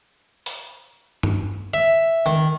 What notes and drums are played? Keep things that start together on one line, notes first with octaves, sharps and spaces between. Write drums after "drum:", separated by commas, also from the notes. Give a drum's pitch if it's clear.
drum: open hi-hat
drum: tom G2
E5
D#3